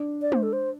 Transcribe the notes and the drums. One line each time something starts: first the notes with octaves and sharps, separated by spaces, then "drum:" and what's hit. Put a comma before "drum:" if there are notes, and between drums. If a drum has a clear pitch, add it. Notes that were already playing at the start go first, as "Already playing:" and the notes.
Already playing: D4
D5
C5, drum: tom G#3
A4
C5